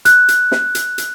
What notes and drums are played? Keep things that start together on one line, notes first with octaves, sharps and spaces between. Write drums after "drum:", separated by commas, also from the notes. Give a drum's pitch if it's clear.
F#6, drum: hi-hat
drum: hi-hat
drum: snare
drum: hi-hat
drum: hi-hat